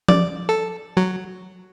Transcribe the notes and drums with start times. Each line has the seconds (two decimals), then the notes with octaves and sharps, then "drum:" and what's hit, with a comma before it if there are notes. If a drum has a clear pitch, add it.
0.08 D5, drum: tom F3
0.49 A4
0.97 F#3